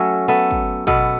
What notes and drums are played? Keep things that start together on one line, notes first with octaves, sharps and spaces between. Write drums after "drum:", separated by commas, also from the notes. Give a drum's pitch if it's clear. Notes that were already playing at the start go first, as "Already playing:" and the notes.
Already playing: F#3 A3 C#4 A4
B3 A4 E5
drum: kick
B2 B3 A4, drum: kick